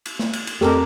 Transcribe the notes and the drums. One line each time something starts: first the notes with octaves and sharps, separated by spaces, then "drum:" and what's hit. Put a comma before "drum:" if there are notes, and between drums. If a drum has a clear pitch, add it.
drum: cymbal
drum: snare
drum: cymbal
drum: cymbal
F2 G4 A4 A#4, drum: snare